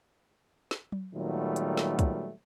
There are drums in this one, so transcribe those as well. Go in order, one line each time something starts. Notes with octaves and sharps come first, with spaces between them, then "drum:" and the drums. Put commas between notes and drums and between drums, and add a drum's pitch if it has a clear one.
drum: snare
drum: tom F#3
A#2 D#3 F#3 G3 A3 B3
drum: hi-hat
drum: snare
drum: kick, hi-hat